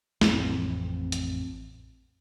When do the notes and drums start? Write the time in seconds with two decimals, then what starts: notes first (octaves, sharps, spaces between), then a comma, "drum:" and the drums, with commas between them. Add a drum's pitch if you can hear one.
0.21 A1 F2 A2 C4, drum: snare
1.12 drum: hi-hat